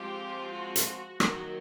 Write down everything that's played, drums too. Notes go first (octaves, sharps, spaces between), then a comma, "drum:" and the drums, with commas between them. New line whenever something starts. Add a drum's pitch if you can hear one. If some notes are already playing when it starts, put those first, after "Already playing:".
Already playing: F3 G#3 C4 F4 G4
F#4
drum: hi-hat
D#3 F#3 A#3 D#4 F#4, drum: rim click